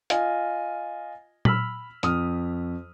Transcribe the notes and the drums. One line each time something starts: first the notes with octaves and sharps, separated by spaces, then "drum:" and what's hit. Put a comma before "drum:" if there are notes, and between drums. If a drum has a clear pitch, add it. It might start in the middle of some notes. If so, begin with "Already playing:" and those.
F4 D#5 G#5, drum: hi-hat
B5 E6 F6 B6 F#7, drum: tom A#2
F2 D#6 F6, drum: hi-hat